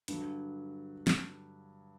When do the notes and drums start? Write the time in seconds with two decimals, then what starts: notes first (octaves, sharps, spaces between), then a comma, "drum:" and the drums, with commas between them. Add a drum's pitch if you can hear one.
0.08 G2 D3 F#3, drum: hi-hat
1.07 drum: snare